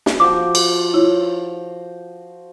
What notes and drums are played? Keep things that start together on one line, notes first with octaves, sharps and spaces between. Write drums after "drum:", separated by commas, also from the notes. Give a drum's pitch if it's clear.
drum: snare
F3 F#4 G5 D6
drum: cymbal
E4 F4 C#5